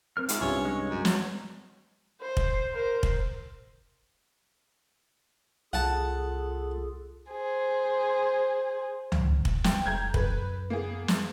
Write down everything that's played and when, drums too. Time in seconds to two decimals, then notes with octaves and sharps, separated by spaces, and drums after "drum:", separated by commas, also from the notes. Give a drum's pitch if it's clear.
0.17 C4 A#4 F6
0.29 G#2 F4 E5 F5, drum: hi-hat
0.41 C2 G2 C#4
0.65 G#3 C#5
0.90 F#2
1.05 F#3, drum: snare
2.22 C5
2.37 drum: kick
2.72 A#4 C5
3.03 drum: kick
5.73 C2 F4 G#4 A4 F#5 A5
7.31 G#4 C5
9.12 drum: tom C#2
9.45 drum: kick
9.64 G5, drum: snare
9.86 F1 A#5 G6 G#6
10.14 F#2 B4, drum: kick
10.70 A#3 B3 G#4
11.08 drum: snare